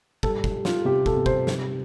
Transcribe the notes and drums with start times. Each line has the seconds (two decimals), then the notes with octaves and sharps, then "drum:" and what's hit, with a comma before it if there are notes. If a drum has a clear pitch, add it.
0.23 G3 A4, drum: kick
0.44 drum: kick
0.55 G3
0.65 F4, drum: snare
0.85 C3 G4
1.06 A4, drum: kick
1.16 C3
1.26 C5, drum: kick
1.47 G3, drum: snare